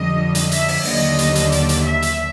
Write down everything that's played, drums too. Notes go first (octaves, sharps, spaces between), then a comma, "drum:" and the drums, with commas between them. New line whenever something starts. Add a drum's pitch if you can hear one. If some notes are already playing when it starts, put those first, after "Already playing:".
Already playing: F2 D3 G3 D#5
drum: hi-hat
E5, drum: hi-hat
drum: open hi-hat
D#2 D3 F#3 D#5, drum: open hi-hat
drum: hi-hat
drum: hi-hat
D5, drum: hi-hat
drum: hi-hat
E5
drum: hi-hat